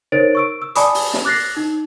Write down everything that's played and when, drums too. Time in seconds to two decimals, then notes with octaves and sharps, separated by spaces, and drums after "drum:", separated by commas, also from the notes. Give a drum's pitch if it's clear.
0.12 D#4 A#4 C5 C#5 A6 D7
0.35 C#6 E6 D7
0.62 E6
0.75 D5 G#5 A5 B5 D6 D#6, drum: hi-hat
0.95 drum: open hi-hat
1.14 drum: snare
1.25 D6 F#6 A6 A#6 C7
1.57 D#4